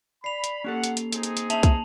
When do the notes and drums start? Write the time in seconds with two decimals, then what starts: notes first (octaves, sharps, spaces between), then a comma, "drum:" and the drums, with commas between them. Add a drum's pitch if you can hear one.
0.24 D5 B5 C7 F7
0.44 drum: hi-hat
0.64 A#3 C#4 G4 A4 F#5
0.84 drum: hi-hat
0.97 drum: hi-hat
1.12 C4 D#4 G#4, drum: hi-hat
1.23 drum: hi-hat
1.37 drum: hi-hat
1.50 C#4 E5 A5 F7 F#7, drum: hi-hat
1.63 drum: kick, hi-hat